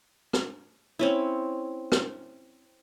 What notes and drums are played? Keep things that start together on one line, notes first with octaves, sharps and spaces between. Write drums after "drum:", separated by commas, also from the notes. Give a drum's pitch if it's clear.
drum: rim click
C4 C#4 E4
drum: rim click